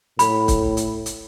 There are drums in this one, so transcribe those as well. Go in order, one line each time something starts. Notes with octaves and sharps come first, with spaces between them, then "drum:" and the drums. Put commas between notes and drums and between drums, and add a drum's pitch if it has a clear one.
A2 B5, drum: hi-hat
drum: kick, hi-hat
drum: hi-hat
drum: hi-hat